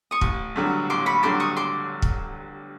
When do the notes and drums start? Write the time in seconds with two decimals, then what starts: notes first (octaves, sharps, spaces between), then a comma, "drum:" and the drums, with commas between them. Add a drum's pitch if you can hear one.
0.11 C#6 D#6
0.21 A1, drum: kick
0.56 G2 D3 F#3
0.90 A1 C6 D6
1.06 B5 C#6
1.23 G2 D3 F#3 C6 D6
1.40 C#6 D#6
1.56 C6 D6
2.02 drum: kick